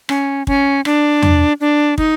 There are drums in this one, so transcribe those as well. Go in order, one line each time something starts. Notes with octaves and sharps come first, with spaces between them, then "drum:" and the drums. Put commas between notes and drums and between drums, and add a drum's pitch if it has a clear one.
C#4, drum: rim click
C#4, drum: kick
D4, drum: rim click
drum: tom E2
D4
D#4, drum: kick